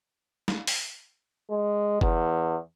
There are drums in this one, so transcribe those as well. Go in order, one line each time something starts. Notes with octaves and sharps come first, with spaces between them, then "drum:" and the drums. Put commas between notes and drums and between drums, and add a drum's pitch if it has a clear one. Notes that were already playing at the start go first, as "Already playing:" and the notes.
drum: snare
drum: open hi-hat
G#3
E2, drum: kick F#1